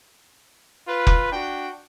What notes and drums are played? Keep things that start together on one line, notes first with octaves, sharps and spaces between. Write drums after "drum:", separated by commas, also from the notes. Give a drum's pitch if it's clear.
F4 B4
drum: kick F1
D4 F#4 G5